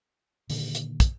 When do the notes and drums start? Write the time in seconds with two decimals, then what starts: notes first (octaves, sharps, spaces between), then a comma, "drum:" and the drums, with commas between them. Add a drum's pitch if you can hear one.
0.50 A#2 D3 D#3, drum: open hi-hat
0.75 drum: hi-hat
1.00 drum: kick, hi-hat